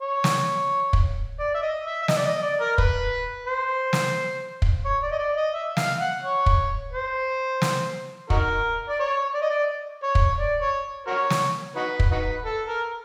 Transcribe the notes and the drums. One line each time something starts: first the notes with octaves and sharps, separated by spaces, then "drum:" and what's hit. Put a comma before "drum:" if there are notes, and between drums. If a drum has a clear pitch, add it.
C#5
drum: snare
drum: kick
D5
E5
D#5
E5
E5
D#5, drum: snare
D5
D#5
D5
A#4
B4, drum: kick
C5
drum: snare
drum: kick
C#5
D5
D#5
D5
D#5
E5
F5, drum: snare
F#5
C#5
drum: kick
C5
drum: snare
D#4 F#4 A#4, drum: kick
D5
C#5
D5
D#5
D5
C#5
drum: kick
D5
C#5
F#4 A#4 C#5
drum: snare
D#4 F#4 B4
drum: kick
D#4 F#4 B4
A4
A#4